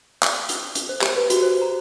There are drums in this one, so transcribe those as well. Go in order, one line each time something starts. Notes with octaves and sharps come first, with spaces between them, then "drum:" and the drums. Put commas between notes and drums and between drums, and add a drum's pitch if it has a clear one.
drum: clap
drum: hi-hat
drum: hi-hat
C5
G4, drum: clap
B4
F#4, drum: hi-hat
C5
A#5